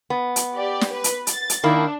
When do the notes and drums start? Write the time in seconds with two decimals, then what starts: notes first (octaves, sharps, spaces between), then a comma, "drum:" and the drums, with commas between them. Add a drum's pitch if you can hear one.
0.10 B3
0.36 drum: hi-hat
0.54 G4 D5
0.81 drum: snare
0.93 B4
1.04 drum: hi-hat
1.27 A6, drum: hi-hat
1.50 drum: hi-hat
1.64 D#3 A#3 D4 E4